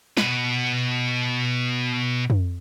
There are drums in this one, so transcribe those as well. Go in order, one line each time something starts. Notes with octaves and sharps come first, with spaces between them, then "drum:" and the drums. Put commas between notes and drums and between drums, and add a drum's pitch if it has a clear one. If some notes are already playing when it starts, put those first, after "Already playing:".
B2 B4, drum: snare
drum: tom